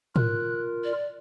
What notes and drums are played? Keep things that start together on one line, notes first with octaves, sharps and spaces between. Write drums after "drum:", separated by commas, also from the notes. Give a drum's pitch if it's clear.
F4 A#4 F#6, drum: tom
D5